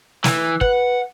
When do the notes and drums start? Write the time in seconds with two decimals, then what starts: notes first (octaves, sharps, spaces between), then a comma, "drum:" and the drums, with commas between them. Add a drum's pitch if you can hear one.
0.24 E3, drum: snare
0.61 B4 F#5, drum: kick